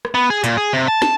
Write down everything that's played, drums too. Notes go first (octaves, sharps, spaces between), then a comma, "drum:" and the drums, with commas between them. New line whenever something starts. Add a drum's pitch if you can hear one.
drum: rim click
B3
G#4
A#2, drum: hi-hat
G#4
C3
A5
A5, drum: snare